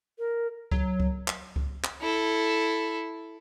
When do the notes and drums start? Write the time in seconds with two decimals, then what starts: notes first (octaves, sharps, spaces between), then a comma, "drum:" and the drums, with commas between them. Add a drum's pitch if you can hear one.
0.19 A#4
0.71 F#3, drum: kick C#2
1.00 drum: kick C#2
1.28 drum: clap
1.56 drum: kick C#2
1.84 drum: clap
2.01 E4 A4